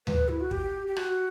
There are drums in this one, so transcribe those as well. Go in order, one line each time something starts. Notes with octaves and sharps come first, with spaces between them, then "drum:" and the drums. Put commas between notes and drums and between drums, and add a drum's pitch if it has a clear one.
B4, drum: tom D2
E4
F#4
G4, drum: kick
G4
F#4, drum: rim click